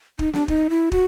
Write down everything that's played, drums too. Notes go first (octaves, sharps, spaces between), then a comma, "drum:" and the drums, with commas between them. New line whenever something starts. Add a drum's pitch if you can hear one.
D#4, drum: kick
D4, drum: snare
D#4, drum: kick
E4
F#4, drum: kick